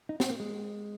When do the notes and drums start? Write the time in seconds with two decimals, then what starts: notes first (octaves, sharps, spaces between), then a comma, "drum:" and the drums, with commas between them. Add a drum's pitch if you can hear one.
0.09 D#4
0.20 C4, drum: snare
0.30 A#3
0.40 G#3